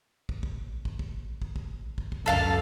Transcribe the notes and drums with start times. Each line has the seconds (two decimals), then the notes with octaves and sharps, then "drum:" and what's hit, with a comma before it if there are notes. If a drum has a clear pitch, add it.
0.29 drum: kick
0.43 drum: kick
0.85 drum: kick
0.99 drum: kick
1.42 drum: kick
1.56 drum: kick
1.98 drum: kick
2.12 drum: kick
2.26 C#2 F#2 D3 A4 F5 A5